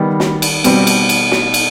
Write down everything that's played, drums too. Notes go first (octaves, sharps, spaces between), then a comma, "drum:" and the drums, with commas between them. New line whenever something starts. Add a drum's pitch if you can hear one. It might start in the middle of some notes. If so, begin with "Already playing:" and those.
Already playing: D#3 G3 B3
drum: snare
drum: cymbal
B2 G3 C4, drum: cymbal
drum: cymbal
drum: cymbal
drum: snare
drum: cymbal